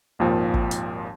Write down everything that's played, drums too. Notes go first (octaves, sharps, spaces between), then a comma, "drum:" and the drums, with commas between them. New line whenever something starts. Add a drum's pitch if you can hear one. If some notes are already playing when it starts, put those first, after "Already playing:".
G#1 D#2 A#2 F3
drum: kick
drum: hi-hat